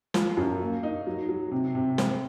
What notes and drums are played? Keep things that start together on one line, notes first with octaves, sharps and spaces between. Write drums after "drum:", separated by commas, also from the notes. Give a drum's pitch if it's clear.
F3, drum: snare
F#2
A#3
D#4
F#3
F#3
C3
C3
C4, drum: snare